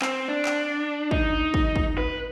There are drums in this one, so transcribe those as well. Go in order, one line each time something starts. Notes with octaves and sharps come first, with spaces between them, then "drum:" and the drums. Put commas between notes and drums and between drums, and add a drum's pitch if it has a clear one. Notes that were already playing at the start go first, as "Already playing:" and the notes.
C4, drum: clap
D4
drum: clap
D#4, drum: kick
drum: kick
drum: kick
B4